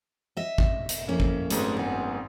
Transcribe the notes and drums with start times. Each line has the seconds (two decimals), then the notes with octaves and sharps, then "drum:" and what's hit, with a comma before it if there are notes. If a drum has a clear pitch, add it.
0.37 D#5 E5
0.58 drum: kick
0.89 drum: hi-hat
1.08 F2 A#3 C#4 E4
1.20 drum: kick
1.50 G#1 F#2 A3 G#4 B4, drum: hi-hat
1.77 B3 G#4